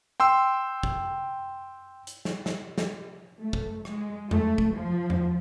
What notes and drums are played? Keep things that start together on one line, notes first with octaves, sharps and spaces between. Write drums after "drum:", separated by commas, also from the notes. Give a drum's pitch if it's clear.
G5 C6 E6
drum: kick
drum: hi-hat
drum: snare
drum: snare
drum: snare
A3
drum: kick
G#3, drum: rim click
A3, drum: tom E2
drum: kick
F3
drum: tom E2